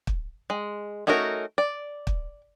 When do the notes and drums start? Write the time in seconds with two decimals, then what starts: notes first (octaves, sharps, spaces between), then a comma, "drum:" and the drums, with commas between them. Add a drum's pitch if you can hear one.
0.07 drum: kick
0.50 G#3
1.07 A3 C#4 D#4 F#4 A#4
1.58 D5
2.07 drum: kick